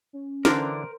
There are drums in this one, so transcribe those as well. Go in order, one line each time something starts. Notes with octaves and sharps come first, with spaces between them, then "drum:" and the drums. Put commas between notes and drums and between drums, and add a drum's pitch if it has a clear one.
C#4
D3 E3 D4 A#4 C5, drum: snare